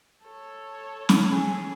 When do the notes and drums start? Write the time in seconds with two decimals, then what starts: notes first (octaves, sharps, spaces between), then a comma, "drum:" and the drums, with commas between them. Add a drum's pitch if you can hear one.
0.25 A4 C#5
1.09 drum: snare
1.32 E3 G#4